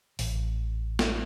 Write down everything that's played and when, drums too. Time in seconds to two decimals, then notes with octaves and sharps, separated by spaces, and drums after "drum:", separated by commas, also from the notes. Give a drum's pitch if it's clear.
0.19 A1, drum: open hi-hat
0.99 drum: snare